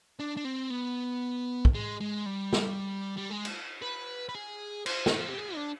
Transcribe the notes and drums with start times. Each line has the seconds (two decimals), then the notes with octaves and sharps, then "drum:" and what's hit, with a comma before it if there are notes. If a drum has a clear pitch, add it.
0.19 D4
0.37 D4
0.45 C4
0.70 B3
1.65 drum: kick
1.75 G#3
2.01 G#3
2.26 G3
2.53 drum: snare
3.18 G3
3.31 G#3
3.45 drum: cymbal
3.82 B4
4.29 B4
4.35 G#4
4.86 C5, drum: cymbal
5.06 D#4, drum: snare
5.18 F4
5.28 G4
5.38 G#4
5.55 D4